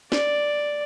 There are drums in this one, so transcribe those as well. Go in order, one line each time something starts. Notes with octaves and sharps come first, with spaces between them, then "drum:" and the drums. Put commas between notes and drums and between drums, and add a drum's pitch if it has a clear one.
D5, drum: snare